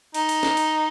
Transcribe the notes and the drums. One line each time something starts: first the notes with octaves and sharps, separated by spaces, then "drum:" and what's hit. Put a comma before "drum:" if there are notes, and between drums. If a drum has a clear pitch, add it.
D#4, drum: cymbal
drum: cymbal
drum: snare
drum: cymbal